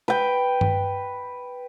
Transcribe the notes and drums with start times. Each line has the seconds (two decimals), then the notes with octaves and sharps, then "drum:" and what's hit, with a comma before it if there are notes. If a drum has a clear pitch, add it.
0.08 B4 G5
0.61 drum: tom G2